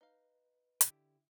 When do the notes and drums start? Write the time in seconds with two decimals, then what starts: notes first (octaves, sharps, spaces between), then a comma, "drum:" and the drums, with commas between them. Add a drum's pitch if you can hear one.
0.01 D#4 B4 F5
0.81 D3 E4 G4, drum: hi-hat